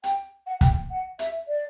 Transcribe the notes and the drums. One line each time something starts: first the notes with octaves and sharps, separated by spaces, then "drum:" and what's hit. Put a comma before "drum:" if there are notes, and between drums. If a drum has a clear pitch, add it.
G5, drum: hi-hat
F#5
G5, drum: kick, hi-hat
F#5
E5, drum: hi-hat
D5